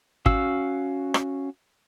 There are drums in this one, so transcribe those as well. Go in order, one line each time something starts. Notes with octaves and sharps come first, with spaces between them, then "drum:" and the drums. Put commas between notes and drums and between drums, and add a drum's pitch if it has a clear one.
C#4 F#4 F5 E6, drum: kick
drum: rim click